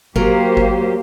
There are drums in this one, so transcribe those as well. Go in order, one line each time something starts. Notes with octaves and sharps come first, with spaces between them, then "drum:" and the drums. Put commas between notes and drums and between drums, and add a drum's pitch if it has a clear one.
F#3 A#3 G4 A#4 C5, drum: kick
drum: kick